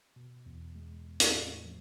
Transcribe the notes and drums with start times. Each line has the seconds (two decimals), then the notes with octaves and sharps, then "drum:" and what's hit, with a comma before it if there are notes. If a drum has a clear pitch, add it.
0.16 B2
0.46 E2
0.75 G#3
1.05 E2
1.20 drum: hi-hat
1.35 A2
1.66 F3